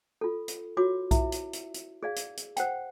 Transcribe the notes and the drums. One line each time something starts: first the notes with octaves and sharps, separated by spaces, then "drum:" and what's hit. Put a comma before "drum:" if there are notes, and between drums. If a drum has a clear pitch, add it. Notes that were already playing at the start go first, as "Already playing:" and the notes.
F4 A4
drum: hi-hat
F4 F#4 C#5 D6
E4 E5, drum: kick B1, hi-hat
drum: hi-hat
drum: hi-hat
drum: hi-hat
G#4 D5 F5
drum: hi-hat
drum: hi-hat
C5 F#5 G5, drum: hi-hat